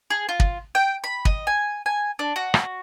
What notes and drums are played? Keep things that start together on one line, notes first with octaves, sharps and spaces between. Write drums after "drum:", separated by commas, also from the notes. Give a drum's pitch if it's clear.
G#4
F4
drum: kick
G5
B5
D#5, drum: kick
G#5
G#5
D4
F#4
drum: rim click